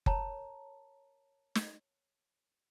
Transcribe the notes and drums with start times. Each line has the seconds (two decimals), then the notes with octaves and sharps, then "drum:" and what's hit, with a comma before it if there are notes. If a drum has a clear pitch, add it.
0.06 A#4 C#5 A5 A#5, drum: kick F#1
1.55 drum: snare